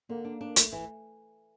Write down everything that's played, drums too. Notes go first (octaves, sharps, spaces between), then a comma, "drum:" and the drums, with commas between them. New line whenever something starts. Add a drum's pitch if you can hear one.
D3 A#3
D4
D4
A3, drum: hi-hat
E3